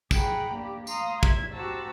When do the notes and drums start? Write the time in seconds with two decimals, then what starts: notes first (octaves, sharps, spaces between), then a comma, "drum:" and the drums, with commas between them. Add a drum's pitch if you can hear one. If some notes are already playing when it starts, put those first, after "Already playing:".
0.11 G#4 F#5 G5 A#5 B5, drum: kick, tambourine
0.54 A#3 D4 G4
0.87 F5 A#5 C6 D#6, drum: tambourine
1.23 E5 G#6, drum: kick
1.53 F#4 G4 C5 A5 A#5 E6